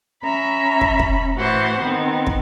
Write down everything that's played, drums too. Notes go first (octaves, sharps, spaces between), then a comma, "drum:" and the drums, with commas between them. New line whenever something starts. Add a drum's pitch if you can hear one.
C#4 E5 A#5 B5
drum: kick
drum: kick
A2 E3 F#4 C5 F#5
D#3 B3 C4
drum: kick